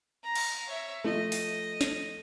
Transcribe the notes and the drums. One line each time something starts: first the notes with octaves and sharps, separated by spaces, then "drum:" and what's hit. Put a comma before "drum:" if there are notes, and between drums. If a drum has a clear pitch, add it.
A#5
drum: cymbal
C#5 E5
F3 A3 D#5
drum: open hi-hat
drum: snare